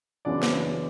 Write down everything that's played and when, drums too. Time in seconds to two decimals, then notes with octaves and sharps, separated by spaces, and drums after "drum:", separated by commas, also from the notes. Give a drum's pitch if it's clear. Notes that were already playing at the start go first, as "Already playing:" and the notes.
0.25 F#2 C#3 E3 B3 D4 D5
0.43 drum: snare